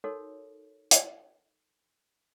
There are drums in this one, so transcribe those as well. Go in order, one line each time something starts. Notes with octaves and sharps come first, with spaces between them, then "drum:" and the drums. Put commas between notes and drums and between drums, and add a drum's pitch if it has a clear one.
D#4 F#4 A4 A#4 C#5
drum: hi-hat